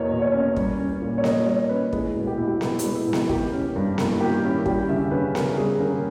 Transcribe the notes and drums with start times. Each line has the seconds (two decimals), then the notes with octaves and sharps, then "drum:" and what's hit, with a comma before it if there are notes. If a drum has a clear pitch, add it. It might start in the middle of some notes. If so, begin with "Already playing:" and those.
Already playing: E2 B2 A#3 C#5 D#5
0.11 B2
0.22 C#5
0.33 C#4
0.56 G3, drum: kick
0.78 C#4
1.02 A#2
1.18 C#5
1.24 A#3 D#5, drum: snare B3
1.47 G3 C#5
1.69 C#4 B4
1.93 G#3 E4, drum: kick
2.16 B2
2.27 G4
2.38 B2 E4
2.47 G4
2.61 B3 E4, drum: snare B3
2.79 G#3 E4, drum: hi-hat
2.95 E4
3.07 B2
3.13 E4, drum: snare B3
3.29 D#3 G4, drum: kick
3.52 C#4
3.76 G2
3.98 A#3 E4, drum: snare B3
4.21 D#3 G4
4.43 C#4 E4
4.66 G3 G4, drum: kick
4.89 C#3 E5
5.11 C#3 B4
5.35 B3 A#4, drum: snare B3
5.57 G3 G#4
5.80 C#3 A#4